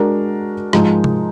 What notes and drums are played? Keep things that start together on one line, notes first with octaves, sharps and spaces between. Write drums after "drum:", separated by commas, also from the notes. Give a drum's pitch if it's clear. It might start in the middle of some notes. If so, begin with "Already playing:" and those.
Already playing: G#3 D4 F#4 A#4
G#2 F3 G#3 D#4, drum: rim click
drum: tom C3